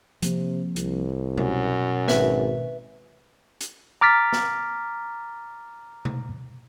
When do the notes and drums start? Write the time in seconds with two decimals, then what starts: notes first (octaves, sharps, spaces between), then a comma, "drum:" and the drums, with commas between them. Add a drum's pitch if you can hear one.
0.22 C3 F3 A#3 C4, drum: hi-hat
0.76 C2, drum: hi-hat
1.38 F#2 B2, drum: tom C3
2.08 G#1 B4 E5, drum: snare
3.61 drum: hi-hat
4.01 A#5 D6 F6 A6 B6
4.33 drum: snare
6.05 drum: tom C3